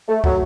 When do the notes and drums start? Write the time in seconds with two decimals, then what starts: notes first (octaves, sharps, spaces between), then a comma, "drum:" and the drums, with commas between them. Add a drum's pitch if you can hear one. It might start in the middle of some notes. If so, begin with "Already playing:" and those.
0.08 A3
0.24 F#3, drum: kick